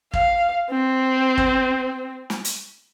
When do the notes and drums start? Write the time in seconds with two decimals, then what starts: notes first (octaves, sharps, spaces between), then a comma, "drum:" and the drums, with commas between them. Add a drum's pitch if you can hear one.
0.13 F5, drum: kick
0.71 C4
1.38 drum: kick
2.30 drum: snare
2.45 drum: hi-hat